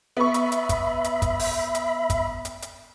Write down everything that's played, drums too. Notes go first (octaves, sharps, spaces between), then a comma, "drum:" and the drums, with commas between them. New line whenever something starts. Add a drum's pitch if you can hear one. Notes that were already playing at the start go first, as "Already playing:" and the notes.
B3 E5 B5 C#6
drum: hi-hat
drum: hi-hat
drum: kick, hi-hat
drum: hi-hat
drum: kick, hi-hat
drum: open hi-hat
drum: hi-hat
drum: kick, hi-hat
drum: hi-hat
drum: hi-hat